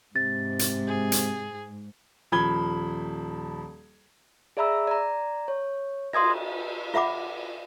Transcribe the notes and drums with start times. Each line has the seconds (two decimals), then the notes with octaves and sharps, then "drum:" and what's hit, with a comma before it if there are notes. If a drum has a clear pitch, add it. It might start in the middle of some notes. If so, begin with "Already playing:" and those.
0.16 G#2 C3 A6
0.59 drum: hi-hat
0.87 G#4
1.12 drum: hi-hat
2.32 D#1 F3 B5 G#6 G7
4.57 G#4 D5 E5 A#5 B5 E6
4.87 D5 A#5
5.48 C#5
6.13 C6 D#6 G#6 A#6, drum: cymbal
6.94 F4 E5 F#5 B5 D6